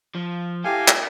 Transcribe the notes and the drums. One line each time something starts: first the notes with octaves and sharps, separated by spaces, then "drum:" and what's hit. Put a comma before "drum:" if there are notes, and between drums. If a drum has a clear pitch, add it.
F3
E4 G4 A4 F5 G#5
drum: clap